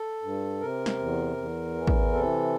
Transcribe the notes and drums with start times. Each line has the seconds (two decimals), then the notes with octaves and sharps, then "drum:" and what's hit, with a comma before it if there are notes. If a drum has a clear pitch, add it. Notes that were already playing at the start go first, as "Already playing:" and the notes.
Already playing: A4
0.23 G2
0.61 C3 A#4
0.86 drum: snare
0.98 E2
1.37 E2
1.75 E3
1.87 drum: kick
2.13 C3 A4